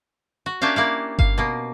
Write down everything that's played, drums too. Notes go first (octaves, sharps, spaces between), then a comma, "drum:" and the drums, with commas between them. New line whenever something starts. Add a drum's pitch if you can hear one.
F#4
A#3 C#4 D4 G4 E5 F5
A#3 E4 F5
F5, drum: kick G1
B2 A#3